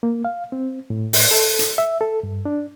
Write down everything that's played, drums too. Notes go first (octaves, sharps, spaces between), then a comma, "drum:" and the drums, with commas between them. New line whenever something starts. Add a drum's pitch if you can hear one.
A#3
F5
C4
A2
drum: open hi-hat
A4
drum: hi-hat
E5
A4
G2
D4